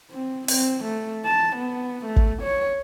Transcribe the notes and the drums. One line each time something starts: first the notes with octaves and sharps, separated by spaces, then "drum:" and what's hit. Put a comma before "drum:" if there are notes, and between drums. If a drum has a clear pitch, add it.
C4
C4, drum: open hi-hat
A3
A5
B3
A3
drum: kick
C#5